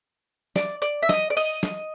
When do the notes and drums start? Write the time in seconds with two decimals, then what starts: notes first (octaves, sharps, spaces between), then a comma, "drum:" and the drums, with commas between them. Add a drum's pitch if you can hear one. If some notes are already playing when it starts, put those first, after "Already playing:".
0.56 D5, drum: snare
0.82 D5, drum: hi-hat
1.02 E5
1.09 D#5, drum: snare
1.30 D5
1.37 D#5, drum: open hi-hat
1.63 drum: snare